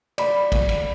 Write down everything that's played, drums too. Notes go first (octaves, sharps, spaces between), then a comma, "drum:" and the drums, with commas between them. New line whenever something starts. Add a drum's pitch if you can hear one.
D5 B5, drum: cymbal
drum: kick, cymbal
drum: cymbal